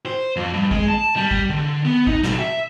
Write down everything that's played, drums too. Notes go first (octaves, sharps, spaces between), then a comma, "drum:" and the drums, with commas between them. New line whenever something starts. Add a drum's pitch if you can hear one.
C5
F2
G2
G#3, drum: kick
A5
G3
drum: kick
D3
B3
D#4, drum: kick
B1, drum: snare
E5